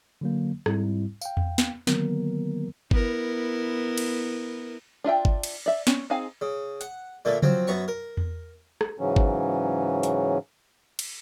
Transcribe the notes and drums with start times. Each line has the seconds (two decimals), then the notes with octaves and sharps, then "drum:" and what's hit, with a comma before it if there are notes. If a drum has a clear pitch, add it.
0.21 D3 F#3 A#3
0.66 G#2 G3 C4 E4, drum: rim click
1.21 F5 G5, drum: tambourine
1.37 drum: tom E2
1.58 drum: snare
1.87 D3 D#3 F#3 A#3 B3 A#4, drum: snare
2.91 B3 E4 A#4, drum: kick G1
3.98 drum: cymbal
5.04 D4 F4 E5 G5
5.25 drum: kick G1
5.43 drum: cymbal
5.66 D5 E5
5.87 C#4, drum: snare
6.10 C4 D#4 G#4 F5 G#5
6.41 C#3
6.81 F#5, drum: hi-hat
7.25 A#2 D3 A3 A#3
7.43 F3 F#3 C4, drum: tom C#3
7.67 F#2 B3 A#5 C#6
7.88 A#4
8.17 drum: tom E2
8.81 drum: rim click
8.99 G#2 C#3 E3 F#3 C#4
9.16 drum: kick G1
10.03 drum: hi-hat
10.99 drum: cymbal